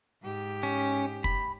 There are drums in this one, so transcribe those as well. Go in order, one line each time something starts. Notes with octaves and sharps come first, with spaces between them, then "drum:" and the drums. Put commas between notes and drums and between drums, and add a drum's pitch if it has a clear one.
G#2 G4
C#4
B5, drum: kick